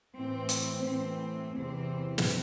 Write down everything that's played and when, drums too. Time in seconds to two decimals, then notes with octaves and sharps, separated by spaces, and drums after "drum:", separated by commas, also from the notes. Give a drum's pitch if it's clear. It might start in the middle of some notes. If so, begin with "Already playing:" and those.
0.17 A2 E3 C4
0.49 drum: hi-hat
0.88 A2 E3 C4
1.57 E2 C3 E3 C4
2.18 drum: snare